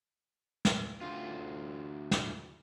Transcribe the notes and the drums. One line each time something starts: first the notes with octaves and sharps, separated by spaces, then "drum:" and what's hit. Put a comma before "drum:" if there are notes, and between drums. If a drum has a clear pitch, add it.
drum: snare
D2 F4
drum: snare